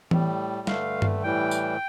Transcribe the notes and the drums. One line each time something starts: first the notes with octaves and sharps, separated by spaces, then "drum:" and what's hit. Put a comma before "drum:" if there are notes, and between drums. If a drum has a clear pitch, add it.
A2 G3, drum: tom E3
G2 D3 A3 F5, drum: snare
drum: tom G2
A2 E3 G3 G5
drum: tambourine